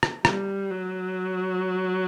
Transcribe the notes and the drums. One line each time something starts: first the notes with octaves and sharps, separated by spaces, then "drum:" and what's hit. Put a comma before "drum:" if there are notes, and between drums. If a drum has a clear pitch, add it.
drum: rim click
G3, drum: rim click
F#3